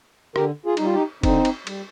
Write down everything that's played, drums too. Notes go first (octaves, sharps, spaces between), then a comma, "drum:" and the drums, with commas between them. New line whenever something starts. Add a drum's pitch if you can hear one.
D3 G4 A#4, drum: rim click
F4 G#4
G3 D#4, drum: cymbal
F4
D#4 G4
D3 C4 D#4, drum: kick F1, cymbal
drum: cymbal
G3, drum: cymbal